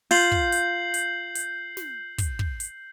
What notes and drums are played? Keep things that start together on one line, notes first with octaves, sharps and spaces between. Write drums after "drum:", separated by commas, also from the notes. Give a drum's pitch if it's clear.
F4 G6 C7 F#7, drum: open hi-hat
drum: kick
drum: hi-hat
drum: hi-hat
drum: hi-hat
drum: snare
drum: kick, hi-hat
drum: kick
drum: hi-hat